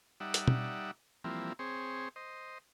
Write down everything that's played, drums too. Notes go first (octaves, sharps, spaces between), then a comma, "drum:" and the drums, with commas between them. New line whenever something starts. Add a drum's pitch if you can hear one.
G3 D#4 D5 E5 F#5
drum: hi-hat
drum: tom
E3 F3 G3 A#3 C4 E4
C4 G#4 C5 C#5
C5 D#5